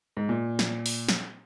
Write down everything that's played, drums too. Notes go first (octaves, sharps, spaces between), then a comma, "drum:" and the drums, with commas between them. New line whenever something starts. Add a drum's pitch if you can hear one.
G#2
A#2
drum: snare
drum: open hi-hat
drum: snare